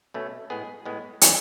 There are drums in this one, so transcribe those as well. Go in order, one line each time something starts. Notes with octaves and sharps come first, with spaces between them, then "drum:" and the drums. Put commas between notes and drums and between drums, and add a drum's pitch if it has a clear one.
B2 A3 C#4
A2 G#3 B3 G#4
A2 G#3 B3
A2 G#3 B3, drum: hi-hat